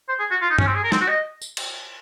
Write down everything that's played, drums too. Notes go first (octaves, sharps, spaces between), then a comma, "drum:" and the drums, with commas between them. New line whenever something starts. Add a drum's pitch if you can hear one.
C5
G#4
F#4
F4
D#4
C#4, drum: tom G2
C4
G#4
A#4
C4, drum: snare
F#4
D#5
drum: tambourine
drum: cymbal